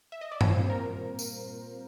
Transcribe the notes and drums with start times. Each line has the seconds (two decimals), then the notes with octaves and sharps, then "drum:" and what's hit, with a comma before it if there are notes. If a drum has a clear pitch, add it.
0.12 E5
0.21 D#5
0.31 D5
0.41 C#5, drum: tom G2
0.50 A#2 G3 C4 F4 C5
0.70 A#4
1.19 drum: tambourine